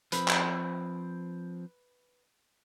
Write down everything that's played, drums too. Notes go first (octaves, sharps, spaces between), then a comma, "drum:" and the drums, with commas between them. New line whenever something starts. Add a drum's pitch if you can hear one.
F3 C4 B4, drum: hi-hat
drum: clap